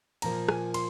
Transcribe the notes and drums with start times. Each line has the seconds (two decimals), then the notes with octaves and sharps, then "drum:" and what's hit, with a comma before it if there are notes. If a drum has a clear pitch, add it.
0.22 A#2 F3 A#3 A#5, drum: cymbal
0.48 G#5, drum: rim click
0.74 C6, drum: cymbal